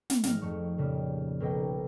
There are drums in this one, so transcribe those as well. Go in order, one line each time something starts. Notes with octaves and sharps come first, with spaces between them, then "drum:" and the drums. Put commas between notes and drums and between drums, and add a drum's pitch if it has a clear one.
drum: snare
G#1 D#4 F5, drum: snare
F2 A3 C#6
F2 A#2 C#3 G3
B1 B2 A#4 G5